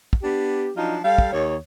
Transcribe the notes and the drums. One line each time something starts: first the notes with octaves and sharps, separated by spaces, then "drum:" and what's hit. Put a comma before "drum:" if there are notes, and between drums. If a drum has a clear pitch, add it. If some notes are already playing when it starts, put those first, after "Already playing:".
drum: kick
B3 D4 G4
F3 F#3 D4 D#4 F4
G3 A4 F5
drum: kick
D#2 C#5